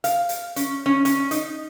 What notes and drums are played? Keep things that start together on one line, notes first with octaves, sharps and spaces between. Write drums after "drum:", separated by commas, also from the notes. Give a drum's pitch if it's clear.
F5, drum: hi-hat
drum: hi-hat
C#4, drum: hi-hat
C#4
C#4, drum: hi-hat
D#4, drum: hi-hat